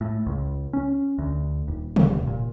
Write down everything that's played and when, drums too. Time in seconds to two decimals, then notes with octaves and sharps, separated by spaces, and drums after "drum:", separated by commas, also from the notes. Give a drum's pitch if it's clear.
0.01 A2
0.26 C#2
0.73 C#4
1.18 D2
1.68 D#1
1.96 drum: tom C3
2.27 A#2